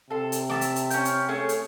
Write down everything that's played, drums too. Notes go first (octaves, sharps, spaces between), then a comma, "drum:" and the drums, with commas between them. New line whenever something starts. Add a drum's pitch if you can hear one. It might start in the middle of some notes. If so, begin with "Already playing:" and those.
C3 A4 C6
drum: hi-hat
E5 A5 D6, drum: snare
drum: hi-hat
drum: hi-hat
C#4 G5, drum: hi-hat
drum: hi-hat
A3 C#4 G#4
drum: hi-hat